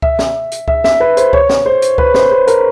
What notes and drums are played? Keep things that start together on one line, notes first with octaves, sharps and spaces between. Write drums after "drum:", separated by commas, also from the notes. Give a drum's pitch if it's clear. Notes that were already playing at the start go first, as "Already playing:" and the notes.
E5, drum: kick C#2
drum: snare
drum: hi-hat
E5, drum: kick C#2
E5, drum: snare
B4
C5, drum: hi-hat
C#5, drum: kick C#2
drum: snare
C5
drum: hi-hat
B4, drum: kick C#2
C5, drum: snare
C5
A#4, drum: hi-hat